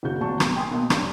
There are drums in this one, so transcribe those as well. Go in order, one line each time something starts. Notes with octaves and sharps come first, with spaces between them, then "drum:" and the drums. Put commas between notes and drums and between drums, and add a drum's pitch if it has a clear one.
F#1 C#3 F#4 G6
G#1 D2 A#2 F#3 A5 C#6
B2, drum: rim click
G5 G#5 C6 D#6
B1 B2 A#3
G2 C#4, drum: rim click